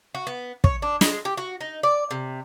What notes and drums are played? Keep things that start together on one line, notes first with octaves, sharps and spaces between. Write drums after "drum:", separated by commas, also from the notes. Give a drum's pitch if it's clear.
F#4
B3
C#5, drum: kick
D4
G#3, drum: snare
G4
F#4
D#4
D5
C3